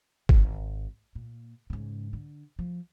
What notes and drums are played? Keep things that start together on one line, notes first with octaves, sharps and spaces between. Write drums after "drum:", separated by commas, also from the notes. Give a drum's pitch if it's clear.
G#1, drum: kick
A#2
G#2 C#3
D3
F3